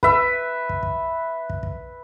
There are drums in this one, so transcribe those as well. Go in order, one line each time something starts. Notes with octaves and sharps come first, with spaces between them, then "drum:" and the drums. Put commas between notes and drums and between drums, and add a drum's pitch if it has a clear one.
B4 E5, drum: kick
drum: kick
drum: kick
drum: kick
drum: kick